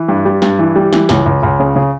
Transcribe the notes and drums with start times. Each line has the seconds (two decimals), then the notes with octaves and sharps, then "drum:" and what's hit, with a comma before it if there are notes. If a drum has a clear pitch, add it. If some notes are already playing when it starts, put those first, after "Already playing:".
Already playing: E3
0.09 G2
0.25 G3
0.42 G2, drum: snare
0.59 E3
0.76 G3
0.93 E3, drum: snare
1.09 C#2, drum: snare
1.26 C#2
1.43 C#2
1.60 C#3
1.76 C#3